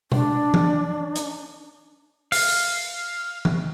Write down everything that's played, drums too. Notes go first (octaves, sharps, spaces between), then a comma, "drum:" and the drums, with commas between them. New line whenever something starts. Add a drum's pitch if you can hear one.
D4, drum: tom
drum: tom
drum: hi-hat
F5, drum: open hi-hat
drum: tom